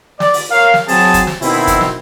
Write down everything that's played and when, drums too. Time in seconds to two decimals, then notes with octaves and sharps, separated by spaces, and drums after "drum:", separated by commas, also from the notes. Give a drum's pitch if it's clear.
0.20 D5, drum: snare
0.34 drum: open hi-hat
0.51 A#4 C#5 F5
0.74 drum: snare
0.88 F#3 C4 G#4 A5, drum: open hi-hat
1.14 drum: kick, hi-hat
1.27 drum: snare
1.42 B2 D#3 C4 E4, drum: open hi-hat
1.67 drum: kick, hi-hat
1.81 drum: snare